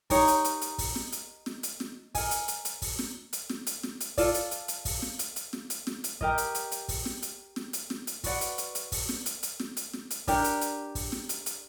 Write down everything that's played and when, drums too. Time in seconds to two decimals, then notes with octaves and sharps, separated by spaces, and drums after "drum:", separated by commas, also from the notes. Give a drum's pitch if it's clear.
0.10 D#4 G4 A#4 C#5, drum: kick, open hi-hat
0.28 drum: hi-hat
0.45 drum: hi-hat
0.61 drum: hi-hat
0.78 drum: kick, open hi-hat
0.95 drum: snare
1.12 drum: hi-hat
1.46 drum: snare
1.63 drum: hi-hat
1.80 drum: snare
2.15 A#4 D#5 G#5, drum: kick, open hi-hat
2.31 drum: hi-hat
2.48 drum: hi-hat
2.65 drum: hi-hat
2.82 drum: kick, open hi-hat
2.99 drum: snare
3.33 drum: hi-hat
3.50 drum: snare
3.66 drum: hi-hat
3.83 drum: snare
4.00 drum: hi-hat
4.18 F4 A4 D5, drum: kick, open hi-hat
4.34 drum: hi-hat
4.51 drum: hi-hat
4.68 drum: hi-hat
4.85 drum: kick, open hi-hat
5.02 drum: snare
5.19 drum: hi-hat
5.36 drum: hi-hat
5.53 drum: snare
5.70 drum: hi-hat
5.87 drum: snare
6.04 drum: hi-hat
6.21 G4 A#4 D#5, drum: kick
6.38 drum: hi-hat
6.55 drum: hi-hat
6.72 drum: hi-hat
6.88 drum: kick, open hi-hat
7.05 drum: snare
7.22 drum: hi-hat
7.56 drum: snare
7.73 drum: hi-hat
7.90 drum: snare
8.07 drum: hi-hat
8.24 F#4 B4 D5 F#5, drum: kick, open hi-hat
8.41 drum: hi-hat
8.58 drum: hi-hat
8.75 drum: hi-hat
8.92 drum: kick, open hi-hat
9.09 drum: snare
9.26 drum: hi-hat
9.43 drum: hi-hat
9.60 drum: snare
9.77 drum: hi-hat
9.93 drum: snare
10.10 drum: hi-hat
10.27 D4 G4 A#4 D5, drum: kick, open hi-hat
10.44 drum: hi-hat
10.61 drum: hi-hat
10.95 drum: kick, open hi-hat
11.12 drum: snare
11.29 drum: hi-hat
11.46 drum: hi-hat